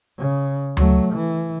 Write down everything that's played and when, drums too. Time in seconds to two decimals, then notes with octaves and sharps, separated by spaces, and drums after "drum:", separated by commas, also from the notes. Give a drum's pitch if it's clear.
0.18 C#3
0.77 F#3 A3, drum: tom D2
1.14 E3